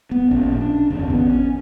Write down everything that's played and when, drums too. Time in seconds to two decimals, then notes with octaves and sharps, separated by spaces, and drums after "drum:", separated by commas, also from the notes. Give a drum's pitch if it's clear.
0.11 B3
0.31 A#1 A#2 C#4, drum: kick A1
0.61 D4
0.90 F#1 E2 D3 C#4
1.10 B3, drum: kick A1
1.30 C#4